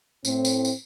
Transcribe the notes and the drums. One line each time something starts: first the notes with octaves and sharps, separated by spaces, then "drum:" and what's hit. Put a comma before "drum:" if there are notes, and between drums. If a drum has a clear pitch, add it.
A2 C4, drum: tambourine
drum: tambourine
drum: tambourine